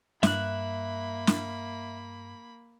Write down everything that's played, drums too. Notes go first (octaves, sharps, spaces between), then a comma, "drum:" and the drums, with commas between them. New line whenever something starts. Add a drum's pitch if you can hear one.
G2 A#3 E5 B5 F#6, drum: snare
drum: snare